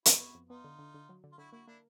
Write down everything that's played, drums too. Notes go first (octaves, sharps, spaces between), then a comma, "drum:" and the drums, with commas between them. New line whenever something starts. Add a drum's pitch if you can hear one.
F2 E4 F#4, drum: hi-hat
B3
F2
B3 D#4 F4
D3
D3
D3
F#3
D3
F4
D3 E4 F#4
A#3 E4 F#4
A#3 D4 E4